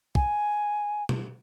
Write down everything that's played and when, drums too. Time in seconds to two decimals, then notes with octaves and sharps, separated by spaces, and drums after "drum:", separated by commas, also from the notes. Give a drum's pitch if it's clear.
0.15 G#5, drum: kick
1.09 drum: tom